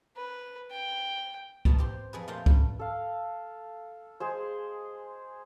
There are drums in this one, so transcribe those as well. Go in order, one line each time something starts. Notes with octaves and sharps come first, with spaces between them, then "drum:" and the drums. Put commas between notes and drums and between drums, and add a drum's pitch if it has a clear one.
B4
G5
B2 B3 A5 A#5, drum: kick C2
C4 G4 C6
F2 G#4 B4
A#2 A3 F5 G5 A#5
G2, drum: kick C2
A4 F5
G#3 G#4 C5